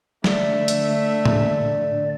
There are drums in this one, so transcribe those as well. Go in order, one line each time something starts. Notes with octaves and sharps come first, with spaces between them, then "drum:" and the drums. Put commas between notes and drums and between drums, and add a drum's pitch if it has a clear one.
D3 A3 D5 E5, drum: snare
drum: hi-hat
drum: tom A2